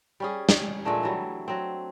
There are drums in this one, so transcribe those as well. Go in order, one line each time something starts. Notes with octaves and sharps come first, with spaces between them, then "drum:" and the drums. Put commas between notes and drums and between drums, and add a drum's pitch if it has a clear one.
G3 C#4 G#4
drum: snare
A#2 G#3 A3 D4
E3 F#3 G3
F#3 C4